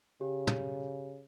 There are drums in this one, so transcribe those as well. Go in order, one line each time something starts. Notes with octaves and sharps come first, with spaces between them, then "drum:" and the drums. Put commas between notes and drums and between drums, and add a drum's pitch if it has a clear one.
C#3 G4
drum: tom